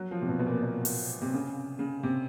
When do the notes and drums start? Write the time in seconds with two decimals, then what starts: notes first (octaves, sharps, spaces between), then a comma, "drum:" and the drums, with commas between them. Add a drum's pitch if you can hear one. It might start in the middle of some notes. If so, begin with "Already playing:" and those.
Already playing: F#3
0.11 F3
0.22 C3
0.29 B2
0.39 B2
0.46 A#2
0.63 B2
0.85 drum: open hi-hat
1.22 C3
1.33 C#3
1.79 C#3
2.03 C3